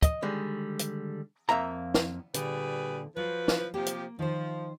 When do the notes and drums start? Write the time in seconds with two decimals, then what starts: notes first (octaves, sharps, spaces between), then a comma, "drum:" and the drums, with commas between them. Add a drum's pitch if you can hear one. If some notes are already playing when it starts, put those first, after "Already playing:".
0.02 D#5, drum: kick, hi-hat
0.22 D3 D#3 G3 G#3
0.79 drum: hi-hat
1.49 F2 A#3 E5 A#5
1.94 drum: snare
2.34 A#2 D3 G3 G#4 B4, drum: hi-hat
3.17 F3 F#3 B4
3.48 drum: snare
3.74 C3 F3 A#3 G4
3.86 drum: hi-hat
4.19 D#3 F3 C5